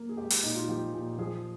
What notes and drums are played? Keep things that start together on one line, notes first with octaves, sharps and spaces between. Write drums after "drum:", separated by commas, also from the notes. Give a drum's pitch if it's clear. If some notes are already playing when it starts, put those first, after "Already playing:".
Already playing: A#3
G#4
G#3 G4
G4, drum: open hi-hat
A#2 D#4
F4
F3 G4
A#2
F3 G#4